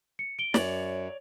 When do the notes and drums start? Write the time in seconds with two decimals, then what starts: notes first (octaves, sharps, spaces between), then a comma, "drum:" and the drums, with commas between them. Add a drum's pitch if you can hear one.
0.19 C#7
0.39 D7 G7
0.54 F#2 C#5 D5 F#7, drum: snare